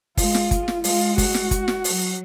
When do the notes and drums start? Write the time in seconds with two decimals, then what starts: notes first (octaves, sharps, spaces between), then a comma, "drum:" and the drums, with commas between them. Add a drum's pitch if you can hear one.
0.17 G#3 F4, drum: kick, open hi-hat
0.34 drum: snare
0.51 drum: kick, hi-hat
0.68 drum: snare
0.84 G#3 F4, drum: open hi-hat
1.18 F#4, drum: kick, open hi-hat
1.34 drum: snare
1.51 drum: kick, hi-hat
1.68 drum: snare
1.84 F#3, drum: open hi-hat